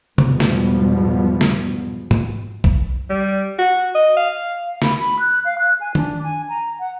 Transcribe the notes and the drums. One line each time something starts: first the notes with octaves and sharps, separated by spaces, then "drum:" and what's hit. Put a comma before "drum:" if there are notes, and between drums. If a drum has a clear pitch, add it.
E2 G#2 B2 F3 G3 B3, drum: tom
drum: snare
drum: snare
drum: tom
drum: kick B1
G3
F#4
D#5
F5
F5
B5, drum: snare
B5
F#6
F5
F#6
G#5
D4, drum: tom D#3
G#5
A#5
F#5